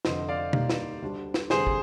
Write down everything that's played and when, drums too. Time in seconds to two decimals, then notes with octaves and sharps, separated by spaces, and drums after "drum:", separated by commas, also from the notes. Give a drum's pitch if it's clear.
0.05 F1 F2 D3 C5 D#5, drum: snare
0.29 D5 F5
0.53 D#2 D#3 G3 A#3 D#4, drum: tom
0.70 drum: snare
1.02 D2 D3 G3 D4
1.34 drum: snare
1.50 F1 F2 D3 G3 G#4 C5, drum: snare
1.67 drum: kick